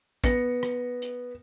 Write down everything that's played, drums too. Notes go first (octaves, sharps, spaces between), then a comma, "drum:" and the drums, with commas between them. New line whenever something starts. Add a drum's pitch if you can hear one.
B3 A#6 C#7, drum: kick, hi-hat
drum: rim click
drum: hi-hat